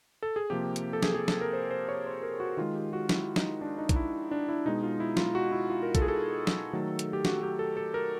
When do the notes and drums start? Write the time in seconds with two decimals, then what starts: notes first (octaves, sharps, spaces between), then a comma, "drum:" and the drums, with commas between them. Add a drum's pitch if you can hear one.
0.23 A4
0.36 G#4
0.50 C3 F3 A#3 G4
0.76 drum: hi-hat
0.93 A4
1.03 G#4, drum: snare
1.14 G#4
1.28 A4, drum: snare
1.41 A#4
1.53 C5
1.71 C5
1.89 C#5
2.06 C5
2.23 A#4
2.40 F#4
2.57 D#3 G#3 F4
2.75 G4
2.93 F#4
3.09 E4, drum: snare
3.36 D#4, drum: snare
3.61 D4
3.78 D#4
3.89 D#4, drum: kick B1, hi-hat
3.96 E4
4.31 D4
4.49 E4
4.65 B2 G#3 D#4
4.83 F4
5.00 E4
5.17 F4, drum: snare
5.35 F#4
5.52 E4
5.70 F4
5.83 A#4
5.95 A4, drum: kick B1, hi-hat
6.02 G#4
6.08 A4
6.47 drum: snare
6.73 D#3 F#3 A3
6.99 drum: hi-hat
7.13 G4
7.25 F#4, drum: snare
7.43 G4
7.59 A4
7.77 A4
7.94 A#4